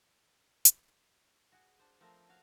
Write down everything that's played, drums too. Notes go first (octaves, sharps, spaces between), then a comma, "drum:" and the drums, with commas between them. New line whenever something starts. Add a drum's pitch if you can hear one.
drum: hi-hat
F#4 G#4
D4 C5
F3 A3 C4 A#4 C5
F#4 C#5 F5